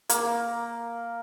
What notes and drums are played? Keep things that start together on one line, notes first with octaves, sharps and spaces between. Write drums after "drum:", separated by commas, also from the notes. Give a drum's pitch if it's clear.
A#3, drum: hi-hat